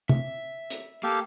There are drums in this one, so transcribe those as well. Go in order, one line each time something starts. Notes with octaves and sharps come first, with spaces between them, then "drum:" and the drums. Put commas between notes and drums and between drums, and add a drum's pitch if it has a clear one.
E5, drum: tom
drum: hi-hat
A#3 G4 A4 F5